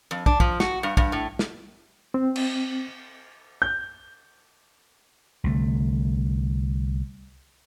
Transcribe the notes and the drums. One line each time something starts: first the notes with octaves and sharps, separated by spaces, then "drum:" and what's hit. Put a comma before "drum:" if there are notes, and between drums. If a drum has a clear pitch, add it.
F2
D4, drum: kick
F3, drum: kick
F#4, drum: snare
G2
G2, drum: kick
A2
drum: snare
C4
drum: cymbal
G6
C2 D3 A3